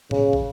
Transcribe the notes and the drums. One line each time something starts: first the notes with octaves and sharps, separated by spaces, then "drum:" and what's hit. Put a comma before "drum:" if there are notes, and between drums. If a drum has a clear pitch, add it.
C#3, drum: tom A2
drum: kick